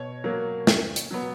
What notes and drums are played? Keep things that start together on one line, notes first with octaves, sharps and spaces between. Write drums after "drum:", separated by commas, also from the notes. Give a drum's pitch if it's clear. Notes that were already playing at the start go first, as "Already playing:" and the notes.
Already playing: B2 C#5
F#3 A#3
C#3, drum: snare
drum: hi-hat
F#3 B3